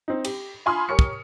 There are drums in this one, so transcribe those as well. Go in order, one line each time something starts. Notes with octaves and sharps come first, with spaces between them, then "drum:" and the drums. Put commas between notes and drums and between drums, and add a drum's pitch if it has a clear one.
C4 D#4
G4, drum: cymbal
F4 G#5 B5 C6 D#6 F6
G4 A#4 C#5 C#6 C#7
drum: kick